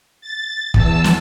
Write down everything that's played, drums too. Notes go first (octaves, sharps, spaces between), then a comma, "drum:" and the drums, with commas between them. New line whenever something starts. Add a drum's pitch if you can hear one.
A6
E2 A5 E6, drum: kick
drum: snare